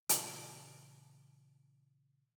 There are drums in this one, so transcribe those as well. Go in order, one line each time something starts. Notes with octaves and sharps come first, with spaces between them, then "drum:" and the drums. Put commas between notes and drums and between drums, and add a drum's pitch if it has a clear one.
A#2 C#3 E3 A3, drum: hi-hat